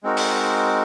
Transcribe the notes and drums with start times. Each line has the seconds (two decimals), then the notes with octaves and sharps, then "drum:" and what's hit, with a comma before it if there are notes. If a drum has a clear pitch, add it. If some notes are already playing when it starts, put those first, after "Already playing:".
0.03 G#3 C4 D#4 F#4 A#4
0.17 drum: open hi-hat